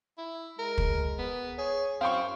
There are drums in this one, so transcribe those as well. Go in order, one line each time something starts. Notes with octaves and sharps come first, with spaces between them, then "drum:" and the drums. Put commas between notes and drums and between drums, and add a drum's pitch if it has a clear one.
E4
G#3 A#4
drum: kick
B3
G#4 C#5
F#2 C4 F5 G5 C#6